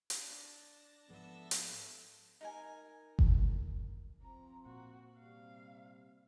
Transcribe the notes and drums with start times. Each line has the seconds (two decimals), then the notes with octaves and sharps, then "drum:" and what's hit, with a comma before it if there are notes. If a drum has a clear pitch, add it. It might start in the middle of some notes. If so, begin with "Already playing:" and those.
0.10 drum: hi-hat
0.22 D4 A5 A#6
1.09 G#2 F3 G#3 B3 A4 E5
1.51 drum: hi-hat
2.41 D#4 A#4 G#5
3.19 drum: kick F#1
4.22 F3 C4 A#5
4.66 A#2 F#4
5.19 C3 G3 F5